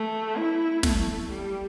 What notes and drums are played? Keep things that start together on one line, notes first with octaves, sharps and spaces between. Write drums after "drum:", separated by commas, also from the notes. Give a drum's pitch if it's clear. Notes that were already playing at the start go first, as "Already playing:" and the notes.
Already playing: A3
E4
A3, drum: snare
G3